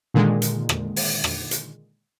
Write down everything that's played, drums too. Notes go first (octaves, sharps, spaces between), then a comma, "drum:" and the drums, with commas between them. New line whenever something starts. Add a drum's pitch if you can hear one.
A#2 D3 D#3 G#3
drum: hi-hat
drum: rim click
drum: open hi-hat
drum: rim click
drum: hi-hat